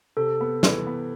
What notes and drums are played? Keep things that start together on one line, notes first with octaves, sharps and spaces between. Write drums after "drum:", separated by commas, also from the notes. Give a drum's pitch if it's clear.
C3 A4
B3
E3, drum: snare
B3